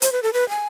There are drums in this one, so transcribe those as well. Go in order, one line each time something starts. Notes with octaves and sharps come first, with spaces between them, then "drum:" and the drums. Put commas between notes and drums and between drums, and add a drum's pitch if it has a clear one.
C5, drum: hi-hat
B4
A4
B4
G#5